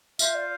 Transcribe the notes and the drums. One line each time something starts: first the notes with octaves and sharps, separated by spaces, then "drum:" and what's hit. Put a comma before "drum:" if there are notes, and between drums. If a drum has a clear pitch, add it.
F4 C5 E5 F5, drum: tambourine
D5